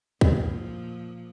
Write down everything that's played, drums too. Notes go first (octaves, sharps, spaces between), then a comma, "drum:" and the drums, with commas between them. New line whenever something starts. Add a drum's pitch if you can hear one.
A#2 F3, drum: kick